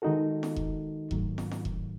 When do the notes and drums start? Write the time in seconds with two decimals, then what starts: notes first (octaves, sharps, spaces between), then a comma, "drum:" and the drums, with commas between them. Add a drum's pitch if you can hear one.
0.02 D#3 G#3 D#4 F#4 A4
0.43 drum: snare
0.56 drum: kick E1
1.11 G#2 D#3 F#3 A3, drum: kick E1
1.38 drum: snare
1.51 drum: snare
1.65 drum: kick E1